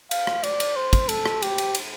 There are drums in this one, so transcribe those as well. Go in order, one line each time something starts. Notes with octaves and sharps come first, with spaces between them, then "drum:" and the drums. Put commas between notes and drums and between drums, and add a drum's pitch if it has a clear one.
F5, drum: cymbal
drum: rim click
D5, drum: cymbal
drum: cymbal
C5
drum: kick, cymbal
A4, drum: cymbal
drum: rim click
G4, drum: cymbal
drum: cymbal
drum: cymbal